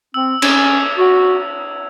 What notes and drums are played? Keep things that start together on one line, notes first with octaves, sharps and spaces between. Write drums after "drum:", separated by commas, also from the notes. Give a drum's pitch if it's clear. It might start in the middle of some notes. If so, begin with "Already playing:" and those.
C4 E6
C#4 G#6, drum: cymbal
F7
F#4 G#6